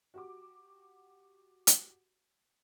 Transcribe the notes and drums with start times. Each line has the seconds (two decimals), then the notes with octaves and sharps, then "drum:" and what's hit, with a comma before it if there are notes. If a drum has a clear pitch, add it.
0.14 F#4 G4 D6
1.67 drum: hi-hat